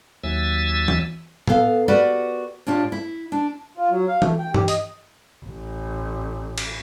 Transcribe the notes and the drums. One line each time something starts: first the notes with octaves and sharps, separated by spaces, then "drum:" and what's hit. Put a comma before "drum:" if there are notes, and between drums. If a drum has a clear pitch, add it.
D#2 F#3 E5 G#5 E6 A6
drum: tom E3
B3 A4 F5, drum: tom A2
F#4 G4 A#4 B4 D5 F#5
A2 D4 F4 G4
E4
D4
F4
F#3
F5
A3, drum: tom E3
G5
G4, drum: tom
D#5, drum: hi-hat
A1
drum: cymbal